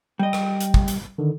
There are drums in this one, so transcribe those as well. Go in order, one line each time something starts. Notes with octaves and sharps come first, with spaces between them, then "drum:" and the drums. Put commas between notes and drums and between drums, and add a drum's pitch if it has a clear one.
G3 D#5 G5
drum: rim click
drum: hi-hat
drum: kick
drum: hi-hat
D3 D#3